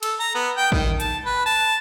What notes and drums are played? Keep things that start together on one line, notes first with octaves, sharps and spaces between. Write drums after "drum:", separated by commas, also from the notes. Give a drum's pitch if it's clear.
A4, drum: cymbal
A#5
B3
G5
D#3, drum: kick A1
A5, drum: hi-hat
B4
A5